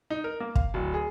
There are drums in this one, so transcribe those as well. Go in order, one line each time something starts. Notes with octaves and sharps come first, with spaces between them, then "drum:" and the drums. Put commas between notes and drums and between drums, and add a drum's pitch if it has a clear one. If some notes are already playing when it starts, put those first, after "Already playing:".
D#4
A#4
A#3
F5, drum: kick
D1
G#4